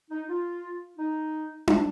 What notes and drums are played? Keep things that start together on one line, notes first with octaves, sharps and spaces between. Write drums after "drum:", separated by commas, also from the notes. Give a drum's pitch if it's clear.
D#4
F4
D#4
C4, drum: tom D4